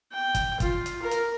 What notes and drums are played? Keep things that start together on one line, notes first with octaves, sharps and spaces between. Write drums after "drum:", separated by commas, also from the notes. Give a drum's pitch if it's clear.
G5
drum: kick, hi-hat
F4, drum: kick, hi-hat
drum: hi-hat
A#4
drum: hi-hat